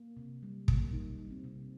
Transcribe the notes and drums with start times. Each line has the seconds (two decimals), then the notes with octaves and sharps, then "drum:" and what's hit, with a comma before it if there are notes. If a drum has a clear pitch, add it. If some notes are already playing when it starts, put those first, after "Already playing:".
Already playing: A#3
0.17 C3
0.43 G3
0.68 A#3, drum: kick
0.93 G3 D#4
1.19 G3
1.30 C4
1.44 C3